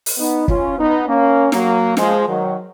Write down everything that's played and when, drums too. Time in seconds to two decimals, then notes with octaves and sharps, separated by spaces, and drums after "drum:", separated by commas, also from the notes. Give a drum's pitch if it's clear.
0.06 drum: open hi-hat
0.18 B3 D#4
0.48 C#4 F4, drum: kick
0.78 B3 D#4
1.07 A#3 C#4
1.52 F#3 A#3, drum: snare
1.97 F3 G#3, drum: snare
2.27 D#3 F#3